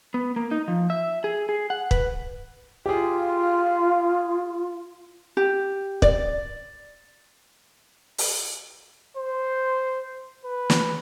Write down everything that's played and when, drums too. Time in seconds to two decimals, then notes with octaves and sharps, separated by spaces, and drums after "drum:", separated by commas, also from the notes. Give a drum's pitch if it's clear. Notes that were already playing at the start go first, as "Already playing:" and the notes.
0.14 B3
0.36 A#3
0.51 D#4
0.68 F3
0.90 E5
1.24 G#4
1.49 G#4
1.70 F#5
1.91 B4, drum: kick
2.86 F4 G4 G#4
5.37 G4
6.02 D5, drum: kick
8.18 drum: open hi-hat
9.17 C5
10.45 B4
10.70 drum: snare